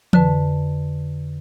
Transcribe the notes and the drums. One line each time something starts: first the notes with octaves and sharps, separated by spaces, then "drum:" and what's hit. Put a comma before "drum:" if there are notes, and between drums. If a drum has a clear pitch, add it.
F2 D3 B4 A5, drum: tom E3